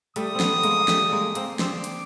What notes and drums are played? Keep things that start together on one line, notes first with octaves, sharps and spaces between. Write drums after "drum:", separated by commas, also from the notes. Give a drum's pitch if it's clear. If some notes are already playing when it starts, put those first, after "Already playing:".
G3 A3 D#6, drum: hi-hat
C4
A3 B3, drum: snare
G#3 A#3, drum: hi-hat
A#3
G3 A3, drum: snare
G#3 A#3
A#3 C4, drum: hi-hat
C4 D4 D6, drum: snare
drum: hi-hat